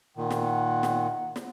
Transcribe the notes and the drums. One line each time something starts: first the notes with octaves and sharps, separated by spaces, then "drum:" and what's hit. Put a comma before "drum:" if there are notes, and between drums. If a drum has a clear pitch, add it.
A#2 D#3 F#5
drum: snare
drum: snare
drum: snare